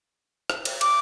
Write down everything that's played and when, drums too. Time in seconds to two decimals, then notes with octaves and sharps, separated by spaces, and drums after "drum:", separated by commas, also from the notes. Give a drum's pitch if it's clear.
0.50 drum: rim click
0.65 drum: cymbal
0.81 D6, drum: cymbal